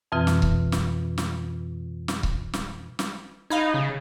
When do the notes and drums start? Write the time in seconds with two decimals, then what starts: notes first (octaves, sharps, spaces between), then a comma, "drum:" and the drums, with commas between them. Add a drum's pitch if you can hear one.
0.12 F2 B2 E3 C4 F4
0.27 drum: snare
0.42 drum: kick C#1
0.72 drum: snare
1.18 drum: snare
2.08 drum: snare
2.23 drum: kick C#1
2.53 drum: snare
2.99 drum: snare
3.50 D#4 F5 B5 G#6
3.74 C#3